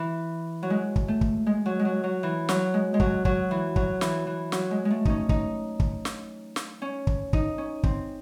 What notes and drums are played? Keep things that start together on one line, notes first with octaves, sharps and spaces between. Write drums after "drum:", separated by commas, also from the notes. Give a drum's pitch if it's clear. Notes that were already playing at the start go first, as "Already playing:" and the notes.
Already playing: E3
F#3
G#3
drum: kick
A3
drum: kick
G#3
F#3
G#3
F#3
F#3
E3
F#3, drum: snare
G#3
G#3
F#3, drum: kick
F#3, drum: kick
E3
F#3, drum: kick
E3, drum: snare
E3
F#3, drum: snare
G#3
G#3
A3
C#4 D#4, drum: kick
D#4, drum: kick
drum: kick
drum: snare
drum: snare
C#4
drum: kick
D#4, drum: kick
C#4
C4, drum: kick